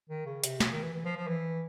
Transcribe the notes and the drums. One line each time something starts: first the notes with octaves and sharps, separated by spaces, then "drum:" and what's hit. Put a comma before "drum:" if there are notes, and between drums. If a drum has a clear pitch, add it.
D#3
C#3
C3, drum: hi-hat
B2, drum: snare
D#3
E3
E3
F3
F3
E3